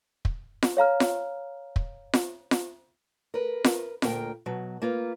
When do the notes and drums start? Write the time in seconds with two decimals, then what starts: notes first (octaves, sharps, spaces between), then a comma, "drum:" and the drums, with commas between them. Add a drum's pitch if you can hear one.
0.25 drum: kick
0.63 drum: snare F4
0.77 C#5 F5 A#5 F6
1.00 drum: snare F4
1.76 drum: kick
2.13 drum: snare F4
2.51 drum: snare F4
3.34 A#4 B4
3.64 drum: snare F4
4.02 D2 A#2 A#4 G5, drum: snare F4
4.46 B2 F#3
4.82 A#3 F4 B4